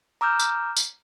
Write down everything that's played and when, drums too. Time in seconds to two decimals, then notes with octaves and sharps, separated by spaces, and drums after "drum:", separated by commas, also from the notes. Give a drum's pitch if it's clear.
0.21 A#5 D6 E6 F6 G6
0.40 drum: tambourine
0.77 drum: tambourine